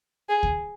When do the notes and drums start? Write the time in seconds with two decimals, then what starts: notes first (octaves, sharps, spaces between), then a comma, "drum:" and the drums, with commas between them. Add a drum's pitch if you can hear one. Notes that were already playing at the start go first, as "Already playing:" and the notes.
0.29 G#4
0.43 drum: kick D2